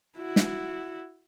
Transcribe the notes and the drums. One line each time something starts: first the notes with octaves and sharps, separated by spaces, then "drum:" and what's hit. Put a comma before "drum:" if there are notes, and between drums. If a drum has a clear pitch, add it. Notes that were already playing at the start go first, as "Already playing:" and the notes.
E4 F#4
drum: snare